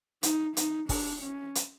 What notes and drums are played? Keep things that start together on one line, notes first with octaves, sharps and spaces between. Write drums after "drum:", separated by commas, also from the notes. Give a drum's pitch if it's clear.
D#4, drum: hi-hat
D#4, drum: hi-hat
D4, drum: kick, open hi-hat
C#4
drum: hi-hat